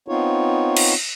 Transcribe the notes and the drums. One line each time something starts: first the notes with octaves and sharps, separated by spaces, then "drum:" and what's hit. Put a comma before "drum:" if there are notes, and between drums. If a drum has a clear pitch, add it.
B3 C4 D#4 F4 C#5
drum: cymbal